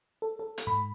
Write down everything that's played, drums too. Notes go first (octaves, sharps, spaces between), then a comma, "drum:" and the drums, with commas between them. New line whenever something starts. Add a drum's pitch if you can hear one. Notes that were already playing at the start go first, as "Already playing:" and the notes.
A4
A4
drum: hi-hat
G#2 B5